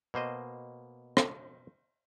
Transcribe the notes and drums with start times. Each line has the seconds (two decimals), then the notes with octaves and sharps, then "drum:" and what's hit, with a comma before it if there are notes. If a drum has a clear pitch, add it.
0.14 B2 A#3 C5 D#5
1.17 drum: rim click